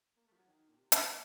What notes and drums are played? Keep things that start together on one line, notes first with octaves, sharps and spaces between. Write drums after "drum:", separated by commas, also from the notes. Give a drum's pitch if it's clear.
A#3
A3
F3
F#3
D#3
A#2
C3
A#2, drum: hi-hat
A#2